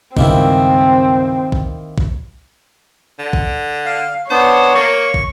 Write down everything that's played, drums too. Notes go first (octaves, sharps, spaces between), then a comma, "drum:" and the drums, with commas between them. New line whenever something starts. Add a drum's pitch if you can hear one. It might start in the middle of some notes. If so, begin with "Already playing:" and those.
C#2 G2 D#3 A#3 C4 E4, drum: kick
drum: kick
drum: kick
D3
drum: kick
F5
B3 D4 C5 C#5
A#3 C#6
drum: kick